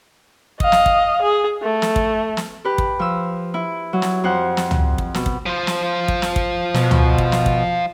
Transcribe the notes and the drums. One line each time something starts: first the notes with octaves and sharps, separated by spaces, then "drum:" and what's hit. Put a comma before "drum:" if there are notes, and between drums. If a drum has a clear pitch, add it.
D#5 F5, drum: kick
drum: snare
drum: kick
G#4
A3
drum: snare
drum: kick
drum: snare
G4 B4
drum: kick
F3 E6
E4
F#3
drum: snare
F2 C5 F#5
drum: snare
drum: tom
drum: kick
B2, drum: snare
drum: kick
F3 C5
drum: snare
drum: kick
drum: snare
drum: kick
B2, drum: snare
drum: tom
drum: kick
drum: snare
drum: kick